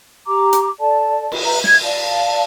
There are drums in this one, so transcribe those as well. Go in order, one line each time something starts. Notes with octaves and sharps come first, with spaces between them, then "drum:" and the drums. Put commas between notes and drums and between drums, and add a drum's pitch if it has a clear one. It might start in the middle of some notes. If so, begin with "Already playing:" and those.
G4 A#5 D6
drum: hi-hat
A4 D5 A5
drum: cymbal
B4 E5 A#5
G#6, drum: snare
D5 F5 A5